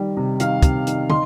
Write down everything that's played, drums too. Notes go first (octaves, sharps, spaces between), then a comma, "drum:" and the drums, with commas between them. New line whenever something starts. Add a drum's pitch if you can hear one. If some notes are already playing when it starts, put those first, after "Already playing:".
Already playing: D#3 G3
C3
D#3 F5, drum: hi-hat
C3, drum: kick, hi-hat
D#3, drum: hi-hat
D#4 C6, drum: tom